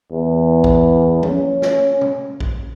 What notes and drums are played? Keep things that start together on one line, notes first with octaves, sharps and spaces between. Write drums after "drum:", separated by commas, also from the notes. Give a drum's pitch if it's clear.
E2
drum: kick A#1
C#4, drum: tom
drum: snare
drum: tom
drum: kick A#1